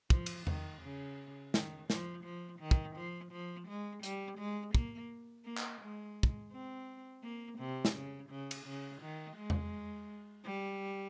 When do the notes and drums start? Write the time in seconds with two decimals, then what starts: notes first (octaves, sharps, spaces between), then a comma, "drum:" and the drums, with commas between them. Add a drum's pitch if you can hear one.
0.10 F3, drum: kick
0.26 drum: cymbal
0.47 D#3, drum: tom E2
0.82 C#3
1.54 D#3, drum: snare
1.90 F3, drum: snare
2.24 F3
2.60 D#3
2.71 drum: kick
2.96 F3
3.32 F3
3.68 G#3
4.03 G3, drum: hi-hat
4.38 G#3
4.75 A#3, drum: kick
5.45 A#3
5.57 drum: clap
5.81 G#3
6.23 drum: kick
6.52 C4
7.23 A#3
7.59 C3
7.85 drum: snare
7.95 C#3
8.30 C#3
8.51 drum: cymbal
8.66 C#3
9.02 D#3
9.37 G#3
9.50 drum: tom E2
10.45 G3